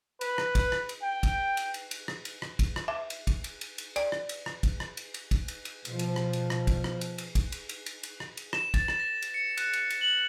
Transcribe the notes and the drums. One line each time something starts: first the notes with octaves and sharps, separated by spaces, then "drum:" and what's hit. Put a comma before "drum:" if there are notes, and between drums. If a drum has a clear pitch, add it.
B4, drum: cymbal
drum: rim click
drum: kick, cymbal
drum: rim click
drum: cymbal
G5
drum: kick, cymbal
drum: cymbal
drum: cymbal
drum: cymbal
drum: rim click
drum: cymbal
drum: rim click
drum: kick, cymbal
drum: rim click
E5
drum: cymbal
drum: kick, cymbal
drum: cymbal
drum: cymbal
drum: cymbal
D5, drum: cymbal
drum: rim click
drum: cymbal
drum: rim click
drum: kick, cymbal
drum: rim click
drum: cymbal
drum: cymbal
drum: kick, cymbal
drum: cymbal
drum: cymbal
B2 F3, drum: cymbal
drum: cymbal
drum: rim click
drum: cymbal
drum: rim click
drum: kick, cymbal
drum: rim click
drum: cymbal
drum: cymbal
drum: kick, cymbal
drum: cymbal
drum: cymbal
drum: cymbal
drum: cymbal
drum: rim click
drum: cymbal
E7, drum: rim click
A6, drum: kick, cymbal
drum: rim click
A#6
drum: cymbal
C#7
F#6, drum: cymbal
drum: cymbal
drum: cymbal
F#7